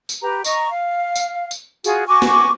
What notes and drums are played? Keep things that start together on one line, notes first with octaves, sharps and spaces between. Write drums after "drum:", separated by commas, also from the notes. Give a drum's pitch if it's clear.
drum: tambourine
G4 B4 A#5
D#5 A#5 C#6, drum: tambourine
F5
drum: tambourine
drum: tambourine
F4 F#4 G#4, drum: tambourine
F#4 G#5 C#6 D6
drum: snare